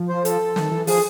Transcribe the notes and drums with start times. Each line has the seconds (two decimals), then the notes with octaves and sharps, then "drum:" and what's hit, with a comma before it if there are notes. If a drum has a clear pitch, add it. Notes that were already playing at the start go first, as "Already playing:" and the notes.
Already playing: F3
0.09 C5
0.25 A4, drum: hi-hat
0.56 D#3, drum: snare
0.71 E3
0.87 F3 G#4, drum: open hi-hat